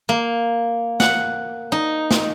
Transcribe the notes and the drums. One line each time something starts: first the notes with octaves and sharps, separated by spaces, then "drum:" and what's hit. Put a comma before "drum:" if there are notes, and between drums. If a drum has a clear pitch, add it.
A#3
F#5, drum: snare
D#4
drum: snare